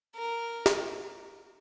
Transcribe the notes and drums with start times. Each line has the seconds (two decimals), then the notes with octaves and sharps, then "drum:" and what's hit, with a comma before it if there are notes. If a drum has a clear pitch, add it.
0.16 A#4
0.66 drum: snare